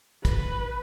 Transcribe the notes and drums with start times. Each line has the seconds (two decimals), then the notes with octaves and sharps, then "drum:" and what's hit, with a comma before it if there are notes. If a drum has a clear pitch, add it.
0.25 B4, drum: kick, hi-hat